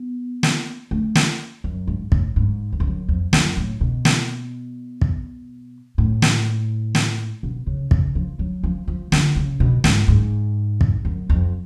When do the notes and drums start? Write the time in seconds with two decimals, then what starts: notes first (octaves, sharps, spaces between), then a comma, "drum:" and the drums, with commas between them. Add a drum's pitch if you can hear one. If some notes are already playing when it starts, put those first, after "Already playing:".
Already playing: B3
0.43 drum: snare
0.91 A3
1.15 drum: snare
1.64 F#2
1.87 G#2
2.12 A2, drum: kick
2.36 G#2
2.72 F#2
2.80 F2
2.87 F#2
3.09 F2
3.33 F#2, drum: snare
3.57 A2
3.81 B2
4.05 drum: snare
5.02 drum: kick
5.98 A2
6.22 drum: snare
6.95 drum: snare
7.43 B2
7.67 C#3
7.91 C#3, drum: kick
8.15 F3
8.39 F#3
8.64 F3
8.88 F3
9.12 D3, drum: snare
9.36 C#3
9.60 B2
9.84 G#2, drum: snare
10.08 G#2
10.81 drum: kick
11.05 F#2
11.30 F2